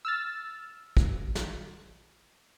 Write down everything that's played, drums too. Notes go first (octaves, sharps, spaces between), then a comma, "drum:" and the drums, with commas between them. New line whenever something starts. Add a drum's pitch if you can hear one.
E6 F6 A6
drum: kick
drum: snare